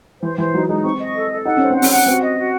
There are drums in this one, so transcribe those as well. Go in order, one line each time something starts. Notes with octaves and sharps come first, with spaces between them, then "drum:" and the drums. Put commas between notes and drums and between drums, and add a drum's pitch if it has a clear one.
E3 C5
E3 C5
F#3 D#4
G#3 D#4
C4 C#6
D#5
A4
A4
D#4 F#5
C#4 C5
C4
F#5
C#4, drum: open hi-hat
F#5
C4 F#4
D#5
F#4